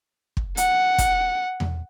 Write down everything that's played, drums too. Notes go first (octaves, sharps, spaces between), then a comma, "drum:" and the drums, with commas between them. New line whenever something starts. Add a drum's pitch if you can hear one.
drum: kick
F#5, drum: hi-hat
drum: kick, hi-hat
drum: tom E2